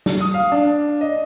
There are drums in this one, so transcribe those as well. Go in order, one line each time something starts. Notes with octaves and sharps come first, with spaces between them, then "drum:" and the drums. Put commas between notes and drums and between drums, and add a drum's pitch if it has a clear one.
drum: snare
D#6
F5
D4
D#5